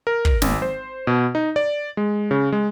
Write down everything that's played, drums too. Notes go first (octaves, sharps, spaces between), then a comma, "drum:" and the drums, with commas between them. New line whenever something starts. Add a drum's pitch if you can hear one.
A#4
drum: kick
G#1, drum: snare
C5
B2
D#4
D5
G#3
C#3
G#3